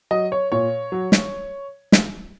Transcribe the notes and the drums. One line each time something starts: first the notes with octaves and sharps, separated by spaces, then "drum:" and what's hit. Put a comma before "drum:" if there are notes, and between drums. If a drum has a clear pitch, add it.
F#3 D#5
C#5
A#2 C#5
F#3
drum: snare
drum: snare